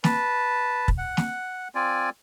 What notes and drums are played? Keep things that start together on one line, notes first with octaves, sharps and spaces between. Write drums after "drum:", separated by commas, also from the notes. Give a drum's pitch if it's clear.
B4 A5, drum: snare
drum: kick
F#5
drum: snare
C4 F4 D5 G#5